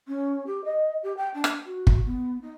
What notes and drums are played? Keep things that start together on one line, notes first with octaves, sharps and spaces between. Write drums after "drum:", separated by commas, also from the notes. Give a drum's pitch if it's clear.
C#4
G4
D#5
G4
G5
D4
drum: rim click
F#4
drum: kick
B3
D#4